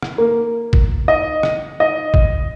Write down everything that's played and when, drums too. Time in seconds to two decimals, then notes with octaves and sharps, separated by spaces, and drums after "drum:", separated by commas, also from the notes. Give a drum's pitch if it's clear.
0.03 drum: rim click
0.18 A#3
0.73 drum: kick
1.08 D#5
1.43 drum: rim click
1.80 D#5
2.14 drum: kick